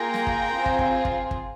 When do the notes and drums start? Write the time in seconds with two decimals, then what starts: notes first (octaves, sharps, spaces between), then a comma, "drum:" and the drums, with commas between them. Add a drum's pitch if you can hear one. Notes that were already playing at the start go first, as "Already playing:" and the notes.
Already playing: A#3 F4 G#4 G5 A#5
0.14 drum: snare
0.27 drum: kick
0.52 C4 F4 G#4
0.66 drum: kick
0.79 drum: kick
1.05 drum: kick
1.31 drum: kick